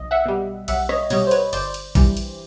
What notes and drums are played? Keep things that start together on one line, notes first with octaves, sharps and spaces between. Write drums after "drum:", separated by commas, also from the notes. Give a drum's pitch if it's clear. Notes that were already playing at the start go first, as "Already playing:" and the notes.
Already playing: B1 D#5
E5 F#5
B2 G3
B1 E5 F#5, drum: cymbal
C#5 D#5, drum: rim click
B2 G3 C#5 D#5, drum: cymbal
C5
B4 C#5, drum: cymbal
G1 C5 D5, drum: cymbal
drum: cymbal
G2 E3 G3, drum: kick A#1, cymbal
drum: cymbal